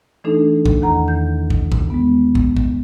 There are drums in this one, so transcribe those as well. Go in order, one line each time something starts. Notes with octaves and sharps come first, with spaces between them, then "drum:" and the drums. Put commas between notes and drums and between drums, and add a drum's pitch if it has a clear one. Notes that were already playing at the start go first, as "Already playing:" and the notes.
E3 A3 D4 D#4 A4
drum: kick
E2 D#3 F#5 A#5
G6
drum: kick
drum: kick
G#3 B3
drum: kick
drum: kick